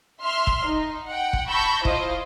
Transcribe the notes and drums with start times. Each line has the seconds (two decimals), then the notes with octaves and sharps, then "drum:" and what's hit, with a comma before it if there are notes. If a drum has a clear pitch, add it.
0.23 E5 C6 F6
0.47 drum: kick
0.65 D#4
1.07 F#5 G5
1.33 drum: kick
1.49 A5 B5 C#6 E6 G6 A#6
1.85 E4 F4 C5 D#5 F5, drum: kick